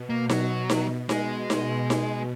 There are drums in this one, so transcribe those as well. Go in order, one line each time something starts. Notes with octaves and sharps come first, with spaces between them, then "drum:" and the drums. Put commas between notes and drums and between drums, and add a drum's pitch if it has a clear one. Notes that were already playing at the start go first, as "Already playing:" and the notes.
Already playing: B2
A#3
F#3, drum: snare D#4
drum: snare D#4
B2 G#3, drum: snare D#4
drum: snare D#4
drum: snare D#4